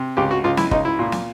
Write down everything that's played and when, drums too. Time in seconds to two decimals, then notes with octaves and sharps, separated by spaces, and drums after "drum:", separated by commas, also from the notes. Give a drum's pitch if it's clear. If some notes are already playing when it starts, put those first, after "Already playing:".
Already playing: C3
0.17 C#2 G4
0.31 F#4
0.44 C#2 F4
0.57 E4, drum: snare
0.71 C#2 D#4, drum: kick
0.85 E4
0.99 A#2
1.12 drum: snare